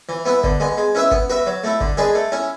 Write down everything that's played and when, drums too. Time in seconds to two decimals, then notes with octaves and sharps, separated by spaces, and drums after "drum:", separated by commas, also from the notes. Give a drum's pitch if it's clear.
0.09 E3
0.25 B3 E4 B4
0.44 D3, drum: kick G1
0.60 G#3 B3
0.77 G#3
0.95 C#4 E4 B4 E5
1.11 B3, drum: kick G1
1.29 F#4 B4 E5
1.47 F#3
1.64 A3 E4
1.80 D3, drum: kick G1
1.97 G#3 D4 G#4 B4
2.15 A3
2.32 C#4 E4